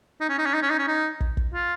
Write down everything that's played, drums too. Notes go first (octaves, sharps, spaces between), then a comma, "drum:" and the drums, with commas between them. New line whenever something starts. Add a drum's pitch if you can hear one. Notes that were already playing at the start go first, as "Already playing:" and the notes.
D#4
C#4
D#4
C#4
D#4
C#4
D#4
C#4
D#4
drum: kick
drum: kick
F4